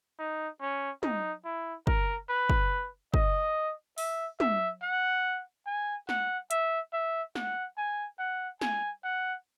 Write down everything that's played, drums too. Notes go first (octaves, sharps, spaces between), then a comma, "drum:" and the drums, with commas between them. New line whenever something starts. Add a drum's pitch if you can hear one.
D#4
C#4
D#4, drum: tom
E4
A#4, drum: kick
B4
drum: kick
D#5, drum: kick
E5, drum: open hi-hat
E5, drum: tom
F#5
G#5
F#5, drum: snare
E5, drum: hi-hat
E5
F#5, drum: snare
G#5
F#5
G#5, drum: snare
F#5